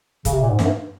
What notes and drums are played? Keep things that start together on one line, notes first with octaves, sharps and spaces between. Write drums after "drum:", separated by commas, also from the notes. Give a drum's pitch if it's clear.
C#3, drum: kick, hi-hat
C3
A#2
G#2
F#2, drum: snare
G2